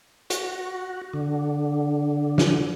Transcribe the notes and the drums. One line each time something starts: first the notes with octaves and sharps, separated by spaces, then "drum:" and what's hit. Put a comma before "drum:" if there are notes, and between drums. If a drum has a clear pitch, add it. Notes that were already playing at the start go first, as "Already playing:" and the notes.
F#4, drum: hi-hat
D3
drum: snare